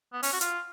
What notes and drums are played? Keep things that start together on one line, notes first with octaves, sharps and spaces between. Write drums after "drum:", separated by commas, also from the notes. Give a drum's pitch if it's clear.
B3
C#4, drum: open hi-hat
F#4
F4, drum: hi-hat